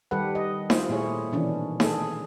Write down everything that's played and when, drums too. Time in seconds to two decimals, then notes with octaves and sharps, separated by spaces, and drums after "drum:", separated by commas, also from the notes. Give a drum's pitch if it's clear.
0.11 D#3 G3 G4 A4 B4 F#5
0.35 D#5
0.70 E4 F4 C5, drum: snare D#4
0.89 A#2 A3 E4 G#4 C#5
1.32 B2 D#3 E3 C#4 D4
1.80 G#4 A4, drum: snare D#4